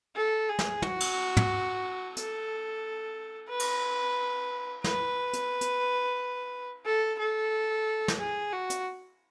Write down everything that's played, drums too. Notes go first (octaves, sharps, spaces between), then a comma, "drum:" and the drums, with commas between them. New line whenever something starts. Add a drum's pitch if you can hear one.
A4
G#4
drum: snare
F#4, drum: tom
drum: cymbal
drum: tom
A4, drum: hi-hat
B4
drum: cymbal
B4, drum: snare
drum: hi-hat
drum: hi-hat
A4
A4
drum: snare
G#4
F#4
drum: hi-hat